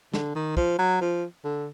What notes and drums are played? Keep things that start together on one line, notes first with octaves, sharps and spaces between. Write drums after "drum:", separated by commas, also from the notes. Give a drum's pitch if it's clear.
D3, drum: snare
D#3
F3, drum: kick
F#3
F3
D3